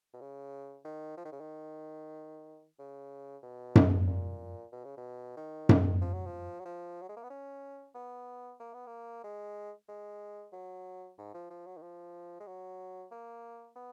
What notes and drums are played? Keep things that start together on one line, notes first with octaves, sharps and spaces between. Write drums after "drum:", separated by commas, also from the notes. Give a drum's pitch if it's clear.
B2
C#3
D#3
F3
D#3
C#3
D#3
C#3
B2
drum: tom F#2
A#2
B2
C#3
B2
D#3
drum: tom F#2
F3
F#3
F3
F#3
F3
F#3
G#3
A#3
B3
C#4
B3
A#3
B3
A#3
G#3
G#3
F#3
G#2
F3
F3
F#3
D#3
F3
G#3
F#3
A#3
B3